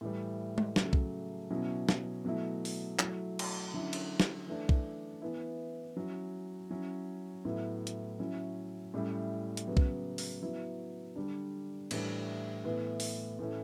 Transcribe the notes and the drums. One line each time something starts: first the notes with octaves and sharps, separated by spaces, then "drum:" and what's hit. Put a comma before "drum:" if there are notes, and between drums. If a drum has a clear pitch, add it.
A2 E3 G3
drum: tom G#3
C#3 F#3 A3, drum: snare
drum: kick
B2 F#3 C#4 E4
drum: snare
B2 F#3 A3 E4
drum: open hi-hat
F#3 A3 E4, drum: clap
drum: cymbal
D3 F#3 C#4 E4
drum: cymbal
drum: snare
E3 A3 D4
drum: kick
E3 B3 E4
F#3 C#4 E4
F#3 C#4 E4
A2 F#3 B3 E4
drum: hi-hat
F#3 C#4 E4
A2 G3 C#4 E4
drum: hi-hat
C#3 F#3 B3
drum: kick
drum: open hi-hat
F#3 B3 E4
D3 G3 D4
A2 E3 G3 D4, drum: cymbal
A2 E3 B3 E4
drum: open hi-hat
A2 E3 A3 C#4 E4